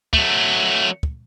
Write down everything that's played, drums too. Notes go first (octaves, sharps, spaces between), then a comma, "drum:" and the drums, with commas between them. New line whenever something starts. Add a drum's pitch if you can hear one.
F#3 A3, drum: kick
drum: kick